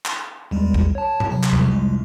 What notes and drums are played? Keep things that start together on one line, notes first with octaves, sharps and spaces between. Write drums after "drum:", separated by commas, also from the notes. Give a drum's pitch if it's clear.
drum: clap
E2 G3 G#3
drum: kick A#1
C#5 A5
drum: tom A2
C3 F#3
drum: clap
C2 F2
G#3